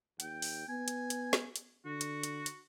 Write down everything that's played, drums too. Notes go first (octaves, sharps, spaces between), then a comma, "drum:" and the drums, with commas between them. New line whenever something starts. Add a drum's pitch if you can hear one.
D#2 G5, drum: hi-hat
drum: open hi-hat
B3 G#5
drum: hi-hat
drum: hi-hat
drum: snare
drum: hi-hat
D3 F#4
drum: hi-hat
drum: hi-hat
drum: hi-hat